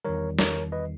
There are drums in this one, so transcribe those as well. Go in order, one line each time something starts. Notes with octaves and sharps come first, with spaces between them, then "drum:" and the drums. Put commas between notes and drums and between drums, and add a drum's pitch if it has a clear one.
E2 D#3 G3 A#4 C#5
A#4 C#5, drum: snare
B4 D#5